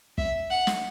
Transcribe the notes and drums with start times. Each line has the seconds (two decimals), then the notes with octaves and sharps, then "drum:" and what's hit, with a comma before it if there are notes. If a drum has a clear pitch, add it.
0.18 E5, drum: kick
0.50 F#5
0.67 drum: snare